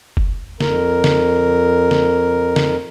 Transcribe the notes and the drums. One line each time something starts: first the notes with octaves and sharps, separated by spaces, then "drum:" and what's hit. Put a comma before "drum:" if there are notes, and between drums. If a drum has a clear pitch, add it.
drum: kick F#1
F2 A#4, drum: snare
drum: snare
drum: snare
drum: snare